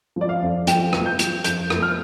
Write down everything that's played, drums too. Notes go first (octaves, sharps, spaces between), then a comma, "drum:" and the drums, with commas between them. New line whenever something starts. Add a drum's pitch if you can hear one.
F3 D5
F5
F2
F3 G5, drum: hi-hat
F3, drum: rim click
G6
F3, drum: hi-hat
F2 G6, drum: hi-hat
F2, drum: rim click
F6